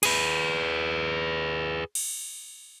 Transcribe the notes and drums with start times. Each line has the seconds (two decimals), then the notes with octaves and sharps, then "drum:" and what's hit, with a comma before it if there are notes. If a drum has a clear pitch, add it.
0.03 G#4 B4, drum: cymbal
1.95 drum: cymbal